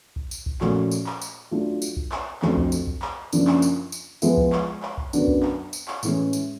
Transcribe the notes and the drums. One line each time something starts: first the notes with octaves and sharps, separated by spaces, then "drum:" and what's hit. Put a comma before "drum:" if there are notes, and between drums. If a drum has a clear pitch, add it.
drum: kick B1
drum: tambourine
drum: kick B1
A#2 F3 A3 C#4 F#4, drum: clap
drum: tambourine
drum: clap
drum: tambourine
F#3 A3 D4 F4 A4
drum: tambourine
drum: kick B1
drum: clap
F2 D3 F#3 A3 C4, drum: clap
drum: kick B1
drum: tambourine
drum: kick B1
drum: clap
F#2 C#3 F3 A#3 D4, drum: tambourine
drum: clap
drum: tambourine
drum: tambourine
F3 G#3 B3 E4, drum: tambourine
drum: kick B1
drum: clap
drum: clap
drum: kick B1
F#2 D3 F#3 B3 D4, drum: tambourine
drum: kick B1
drum: clap
drum: tambourine
drum: clap
A2 E3 G#3 C#4, drum: tambourine
drum: tambourine